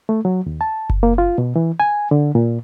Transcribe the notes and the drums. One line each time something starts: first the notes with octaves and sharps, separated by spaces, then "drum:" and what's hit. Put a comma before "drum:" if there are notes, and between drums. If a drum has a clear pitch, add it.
A3
F#3
D#2
A5
drum: kick F#1
A#3
F4
B2
E3
G#5
D3
A#2